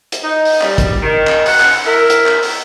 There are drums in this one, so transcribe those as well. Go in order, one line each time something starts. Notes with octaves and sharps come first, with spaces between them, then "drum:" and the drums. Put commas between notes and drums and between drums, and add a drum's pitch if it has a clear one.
drum: hi-hat
D#4
drum: open hi-hat
G3, drum: clap
drum: kick, hi-hat
D#3
drum: clap
F#5, drum: open hi-hat
drum: clap
E4 A#4
drum: hi-hat
drum: clap
drum: open hi-hat